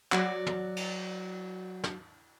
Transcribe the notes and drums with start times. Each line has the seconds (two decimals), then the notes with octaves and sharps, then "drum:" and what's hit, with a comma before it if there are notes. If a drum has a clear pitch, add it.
0.12 F#3 F#4 D5, drum: clap
0.46 drum: tom
0.76 drum: cymbal
1.84 drum: snare